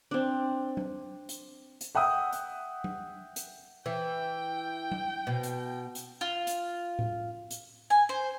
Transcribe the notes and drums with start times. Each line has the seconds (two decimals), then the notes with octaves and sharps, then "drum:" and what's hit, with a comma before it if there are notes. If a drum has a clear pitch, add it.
0.11 C4 D4
0.77 drum: tom F#3
1.29 drum: hi-hat
1.81 drum: hi-hat
1.95 E5 F#5 G5 D#6 E6
2.32 drum: hi-hat
2.84 drum: tom F#3
3.36 drum: hi-hat
3.86 E3 G5
4.91 drum: tom F#3
5.27 B2
5.43 drum: hi-hat
5.95 drum: hi-hat
6.21 F4
6.47 drum: hi-hat
6.99 drum: tom A2
7.50 drum: hi-hat
7.90 G#5
8.09 C5